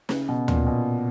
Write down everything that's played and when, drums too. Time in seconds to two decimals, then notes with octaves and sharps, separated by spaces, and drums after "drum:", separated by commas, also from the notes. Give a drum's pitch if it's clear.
0.09 C#3, drum: snare
0.29 B2
0.48 A#2, drum: tom D2
0.67 B2